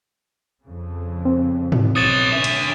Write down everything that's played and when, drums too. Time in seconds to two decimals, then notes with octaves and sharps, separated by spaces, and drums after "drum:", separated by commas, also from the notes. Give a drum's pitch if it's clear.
0.63 F2 C#3
1.25 C4
1.72 drum: tom G#2
1.96 B1 B4 C#5 D#6 A6 E7
2.32 D3 C#4 E5
2.44 drum: hi-hat